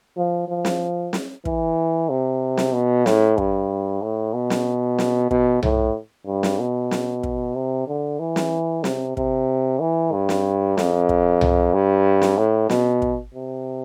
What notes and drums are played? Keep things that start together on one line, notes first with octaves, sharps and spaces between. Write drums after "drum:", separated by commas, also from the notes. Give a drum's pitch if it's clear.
F3
F3
drum: snare
drum: snare
E3, drum: kick
C3
drum: snare
B2
A2, drum: snare
G2, drum: kick
A2
B2
drum: snare
drum: snare
B2, drum: kick
A2, drum: tom C2
G2
drum: snare
B2
drum: snare
drum: kick
C3
D3
E3
drum: snare
C3, drum: snare
C3, drum: kick
E3
G2
drum: snare
F2, drum: snare
drum: kick
drum: tom C2
G2
drum: snare
A2
B2, drum: snare
drum: kick
C3